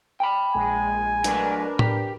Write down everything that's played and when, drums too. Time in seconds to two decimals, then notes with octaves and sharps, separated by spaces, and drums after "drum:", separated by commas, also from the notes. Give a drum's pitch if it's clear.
0.20 G5 B5
0.55 A#1 G#3 G#5
1.24 F#3 A3 D4 A#4 B4, drum: hi-hat
1.79 G4, drum: tom A2